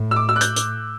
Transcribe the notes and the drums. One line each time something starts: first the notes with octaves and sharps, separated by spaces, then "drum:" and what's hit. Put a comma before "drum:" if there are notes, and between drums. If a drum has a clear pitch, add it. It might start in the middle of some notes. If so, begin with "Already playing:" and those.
Already playing: A2
E6
D6
E6
F#6
G6, drum: hi-hat
drum: hi-hat